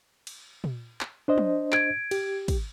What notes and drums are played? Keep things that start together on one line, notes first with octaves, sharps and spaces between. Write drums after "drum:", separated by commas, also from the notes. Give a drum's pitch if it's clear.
drum: cymbal
drum: tom A#2
drum: clap
D4 C5 D#5
drum: tom
G#6 D7, drum: clap
G4, drum: cymbal
drum: kick, cymbal